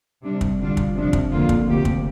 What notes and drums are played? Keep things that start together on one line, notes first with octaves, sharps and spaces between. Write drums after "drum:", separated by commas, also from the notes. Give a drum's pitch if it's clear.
C3 G3 D4
drum: kick
D3 G3 D4 F4
drum: kick
C3 F3 D4
drum: kick
F2 D3 A#3 F4
drum: kick
D2 C3 A#3 G4
drum: kick